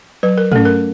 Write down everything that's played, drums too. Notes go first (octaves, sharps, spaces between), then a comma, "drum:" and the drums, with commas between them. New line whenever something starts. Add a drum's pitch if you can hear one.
F#3 B4
A#4
A3 C#4 A4, drum: tom
A#4